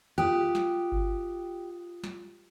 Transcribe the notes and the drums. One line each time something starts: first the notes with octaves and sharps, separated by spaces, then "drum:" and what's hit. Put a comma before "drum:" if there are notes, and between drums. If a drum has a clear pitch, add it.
F4 G4 D#6 F#6
drum: snare
drum: kick G1
drum: snare